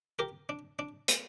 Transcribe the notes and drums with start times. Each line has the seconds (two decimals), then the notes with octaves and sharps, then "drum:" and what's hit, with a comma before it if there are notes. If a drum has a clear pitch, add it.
0.19 G4 A#4
0.49 D4
0.79 D4
1.08 drum: hi-hat